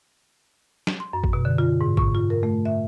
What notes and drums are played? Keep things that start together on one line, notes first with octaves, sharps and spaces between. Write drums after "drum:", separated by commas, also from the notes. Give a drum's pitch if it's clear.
drum: snare
C6
F#2
drum: kick
B2
D3
F4
G#2
C#6, drum: kick
F4
A#4
A3
E5